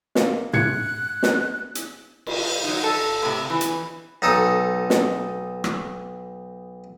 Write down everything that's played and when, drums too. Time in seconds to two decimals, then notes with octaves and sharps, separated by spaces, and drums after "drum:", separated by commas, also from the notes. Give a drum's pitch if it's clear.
0.15 A#3, drum: snare
0.53 F#6 G#6 C#7, drum: tom
1.23 drum: snare
1.75 drum: hi-hat
2.27 drum: cymbal
2.64 F#3 D#4
2.84 A4
3.22 A2 C3
3.50 E3
3.61 drum: hi-hat
4.22 B1 D#4 A4 D#6
4.90 drum: snare
5.64 drum: rim click